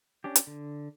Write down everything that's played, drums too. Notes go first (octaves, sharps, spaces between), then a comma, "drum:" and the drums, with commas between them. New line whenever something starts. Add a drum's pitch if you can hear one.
C#4 D4 G4
drum: hi-hat
D3